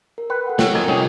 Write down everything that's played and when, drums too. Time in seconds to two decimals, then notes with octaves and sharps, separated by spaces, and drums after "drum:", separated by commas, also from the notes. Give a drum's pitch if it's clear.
0.18 A#4
0.30 B4 G5
0.47 A4 F#5
0.59 A2 F#4 C#5 G5, drum: snare
0.74 F2 D#4 A#4 G#5
0.88 C3 G3 C#4 D#4 F4 G#4